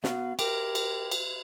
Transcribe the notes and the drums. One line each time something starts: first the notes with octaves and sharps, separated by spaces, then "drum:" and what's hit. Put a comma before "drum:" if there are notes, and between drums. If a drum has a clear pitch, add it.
B3 F#4 F5, drum: snare
G4 A#4 G5, drum: cymbal
drum: cymbal
drum: cymbal